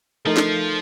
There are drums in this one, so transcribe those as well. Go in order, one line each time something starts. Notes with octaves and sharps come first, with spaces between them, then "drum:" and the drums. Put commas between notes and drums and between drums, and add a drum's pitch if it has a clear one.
F3 A3 D#4 A#4
drum: snare